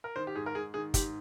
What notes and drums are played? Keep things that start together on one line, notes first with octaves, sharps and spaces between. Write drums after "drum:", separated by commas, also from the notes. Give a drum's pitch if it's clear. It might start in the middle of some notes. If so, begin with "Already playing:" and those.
A#4
D#3 C5
G4
G#2 G#4
A#4
G#2 G#4
D#3 G#4
G#2 G4, drum: kick, hi-hat